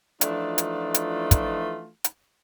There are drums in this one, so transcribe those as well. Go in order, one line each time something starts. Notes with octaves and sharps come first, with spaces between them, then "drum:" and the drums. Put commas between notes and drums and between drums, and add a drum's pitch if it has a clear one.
E3 F3 A3 D4 D#4 F4, drum: hi-hat
drum: hi-hat
drum: hi-hat
drum: kick, hi-hat
drum: hi-hat